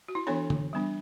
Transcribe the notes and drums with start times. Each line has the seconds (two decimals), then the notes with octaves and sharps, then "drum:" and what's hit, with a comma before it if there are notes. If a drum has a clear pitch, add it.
0.08 F#4
0.15 E4
0.27 E3 B3 D4 A4 C#5
0.50 drum: tom D3
0.73 G3 B3 D4